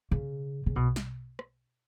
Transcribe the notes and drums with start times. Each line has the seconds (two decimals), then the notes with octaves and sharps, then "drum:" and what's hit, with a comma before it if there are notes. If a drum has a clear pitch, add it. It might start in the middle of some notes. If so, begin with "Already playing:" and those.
0.11 C#3
0.66 C#3
0.76 B2, drum: kick B1
0.96 drum: snare
1.39 drum: rim click